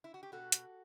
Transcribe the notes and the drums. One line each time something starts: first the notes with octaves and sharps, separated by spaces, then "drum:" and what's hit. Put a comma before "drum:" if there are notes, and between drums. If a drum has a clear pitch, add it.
E4
F#4
G4
B2 F#4 A4
drum: hi-hat